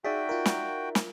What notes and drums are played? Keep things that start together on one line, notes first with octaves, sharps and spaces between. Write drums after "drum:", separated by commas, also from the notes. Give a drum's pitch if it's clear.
D#4 F#4 G#4 D5 E5 G5
F4 A#4
drum: snare
drum: snare